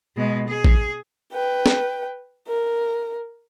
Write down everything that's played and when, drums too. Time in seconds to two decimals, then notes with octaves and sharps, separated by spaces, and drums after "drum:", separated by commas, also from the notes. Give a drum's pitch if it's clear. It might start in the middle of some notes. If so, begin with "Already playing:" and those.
0.17 B2 G#3
0.48 G#4
0.65 drum: kick
1.33 B4 G5
1.66 drum: snare
2.48 A#4